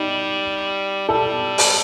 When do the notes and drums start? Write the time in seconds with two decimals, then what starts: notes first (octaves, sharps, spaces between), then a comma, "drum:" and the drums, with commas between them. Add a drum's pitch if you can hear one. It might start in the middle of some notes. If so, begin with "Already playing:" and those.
Already playing: G3 D#4
1.09 G3 A4
1.58 drum: open hi-hat